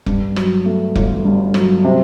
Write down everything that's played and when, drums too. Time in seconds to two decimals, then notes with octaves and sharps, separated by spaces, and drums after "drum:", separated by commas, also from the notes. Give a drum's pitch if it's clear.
0.06 G2, drum: kick F1
0.36 F#3, drum: rim click
0.65 A3
0.95 G1, drum: kick F1
1.25 G2
1.54 F#3, drum: rim click
1.84 C3